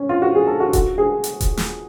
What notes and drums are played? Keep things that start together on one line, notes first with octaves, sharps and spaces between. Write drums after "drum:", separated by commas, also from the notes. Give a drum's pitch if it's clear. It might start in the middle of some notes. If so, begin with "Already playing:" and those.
Already playing: C#4
F4
F#4
G#4
A4
F#4
F#4, drum: kick D#1, hi-hat
G#4
drum: hi-hat
drum: kick D#1, hi-hat
drum: snare